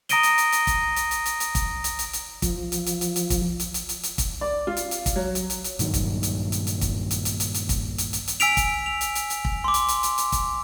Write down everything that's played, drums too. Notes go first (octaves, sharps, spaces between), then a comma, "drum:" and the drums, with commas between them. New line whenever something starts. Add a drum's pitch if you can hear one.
A#5 D#6 A#6 D7 D#7 G7, drum: hi-hat
drum: hi-hat
drum: hi-hat
drum: hi-hat
drum: kick, hi-hat
drum: hi-hat
drum: hi-hat
drum: hi-hat
drum: hi-hat
drum: kick, hi-hat
drum: hi-hat
drum: hi-hat
drum: hi-hat
F3, drum: kick, hi-hat
drum: hi-hat
drum: hi-hat
drum: hi-hat
drum: hi-hat
drum: kick, hi-hat
drum: hi-hat
drum: hi-hat
drum: hi-hat
drum: hi-hat
drum: kick, hi-hat
D5
F4
drum: hi-hat
drum: hi-hat
drum: kick, hi-hat
F#3
drum: hi-hat
drum: hi-hat
drum: hi-hat
G2 A#2 D#3 F#3, drum: hi-hat
drum: kick, hi-hat
drum: hi-hat
drum: hi-hat
drum: hi-hat
drum: kick, hi-hat
drum: hi-hat
drum: hi-hat
drum: hi-hat
drum: hi-hat
drum: kick, hi-hat
drum: hi-hat
drum: hi-hat
drum: hi-hat
G#5 E6 B6 D7 F7, drum: hi-hat
drum: kick, hi-hat
F7
drum: hi-hat
drum: hi-hat
drum: hi-hat
drum: kick
C6 D6
drum: hi-hat
drum: hi-hat
drum: hi-hat
drum: hi-hat
drum: kick, hi-hat